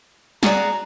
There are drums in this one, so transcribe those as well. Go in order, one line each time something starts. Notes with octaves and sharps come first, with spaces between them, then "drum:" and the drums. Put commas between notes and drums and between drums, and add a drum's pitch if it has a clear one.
F#4 G#4 D5 A#5, drum: snare